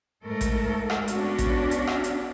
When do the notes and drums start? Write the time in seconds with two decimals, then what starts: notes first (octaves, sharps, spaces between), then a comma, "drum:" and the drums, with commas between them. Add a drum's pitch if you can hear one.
0.24 G#2 A3 A4 A#4
0.41 drum: kick A1, hi-hat
0.90 drum: rim click
1.08 B3 C#4 D4 F#4, drum: hi-hat
1.39 drum: kick A1, hi-hat
1.71 drum: hi-hat
1.87 drum: rim click
2.04 drum: hi-hat